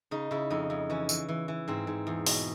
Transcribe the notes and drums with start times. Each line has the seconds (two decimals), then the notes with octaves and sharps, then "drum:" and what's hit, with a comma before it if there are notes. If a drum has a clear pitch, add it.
0.11 C#3 D#4
0.31 C#3 E4
0.50 F2 D#4
0.70 F2
0.90 E3 C#4
1.09 E3, drum: tambourine
1.28 E3
1.48 E3
1.68 G#2 C4
1.87 G#2
2.07 E2
2.26 B2, drum: open hi-hat